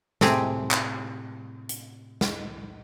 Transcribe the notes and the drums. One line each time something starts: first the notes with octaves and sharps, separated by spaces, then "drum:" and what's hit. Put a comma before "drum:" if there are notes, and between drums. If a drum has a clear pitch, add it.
A2 C3 C4 G4 G#4, drum: snare
drum: clap
drum: hi-hat
drum: snare